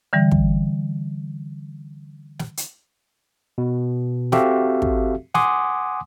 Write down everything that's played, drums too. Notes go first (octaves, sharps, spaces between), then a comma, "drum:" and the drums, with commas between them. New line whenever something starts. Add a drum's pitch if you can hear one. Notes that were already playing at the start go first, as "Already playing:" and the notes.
D3 E3 G3
drum: kick
drum: snare
drum: hi-hat
B2
C4 F#4 G4 A4 E5 F5, drum: snare
drum: kick
F#5 G#5 C6 D6 D#6, drum: snare